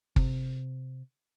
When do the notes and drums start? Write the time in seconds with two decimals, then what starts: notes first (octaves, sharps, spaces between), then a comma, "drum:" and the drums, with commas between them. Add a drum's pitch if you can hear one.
0.16 C3, drum: kick